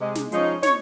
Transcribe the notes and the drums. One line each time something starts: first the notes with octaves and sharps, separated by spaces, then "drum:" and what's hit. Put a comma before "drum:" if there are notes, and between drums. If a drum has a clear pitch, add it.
C3 G#3
drum: snare
F3 G#3 C#4 D#4, drum: hi-hat
C#5, drum: snare